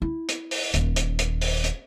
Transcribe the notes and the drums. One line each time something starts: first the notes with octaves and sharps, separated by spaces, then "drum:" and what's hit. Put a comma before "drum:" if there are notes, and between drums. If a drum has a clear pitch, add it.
E4
drum: hi-hat
drum: open hi-hat
D#1 D#2, drum: hi-hat
drum: hi-hat
drum: hi-hat
drum: open hi-hat
drum: hi-hat